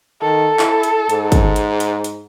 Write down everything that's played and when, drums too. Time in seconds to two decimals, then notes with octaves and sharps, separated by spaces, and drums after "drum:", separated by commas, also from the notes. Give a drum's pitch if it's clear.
0.21 D#3 A4
0.59 E4, drum: clap
0.83 drum: hi-hat
1.09 G#2, drum: hi-hat
1.32 drum: kick, hi-hat
1.56 drum: hi-hat
1.80 drum: hi-hat
2.04 drum: hi-hat